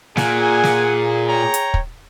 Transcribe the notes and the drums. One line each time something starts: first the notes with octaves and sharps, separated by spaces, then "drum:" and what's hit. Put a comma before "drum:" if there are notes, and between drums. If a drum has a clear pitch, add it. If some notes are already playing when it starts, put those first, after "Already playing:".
A#2 G#4 F#5 G#5, drum: snare
drum: snare
C#5 G5 A#5
drum: hi-hat
drum: kick